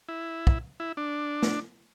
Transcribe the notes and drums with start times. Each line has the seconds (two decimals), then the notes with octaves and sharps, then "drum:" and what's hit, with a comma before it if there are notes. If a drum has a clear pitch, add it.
0.09 E4
0.47 drum: kick
0.80 E4
0.97 D4
1.42 drum: snare